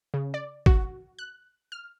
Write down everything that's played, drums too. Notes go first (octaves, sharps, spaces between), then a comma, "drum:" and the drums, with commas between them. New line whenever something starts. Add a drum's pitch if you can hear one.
C#3
D5
F#4, drum: kick
F#6
F6